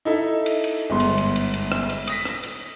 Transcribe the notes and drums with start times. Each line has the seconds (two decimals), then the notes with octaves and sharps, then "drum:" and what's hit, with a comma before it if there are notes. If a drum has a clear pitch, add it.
0.05 D#4 E4 A4 E5
0.46 drum: cymbal
0.64 drum: cymbal
0.90 G1 G#2 B3 C6
1.00 drum: cymbal
1.18 drum: cymbal
1.36 drum: cymbal
1.54 drum: cymbal
1.72 drum: rim click
1.90 drum: cymbal
2.07 D#6 A#6 B6, drum: cymbal
2.25 drum: rim click
2.43 drum: cymbal